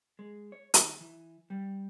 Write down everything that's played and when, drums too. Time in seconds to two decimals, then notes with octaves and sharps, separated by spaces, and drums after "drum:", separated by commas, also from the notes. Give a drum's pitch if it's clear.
0.19 G#3
0.52 C#5
0.74 D#3, drum: hi-hat
1.00 E3
1.50 G3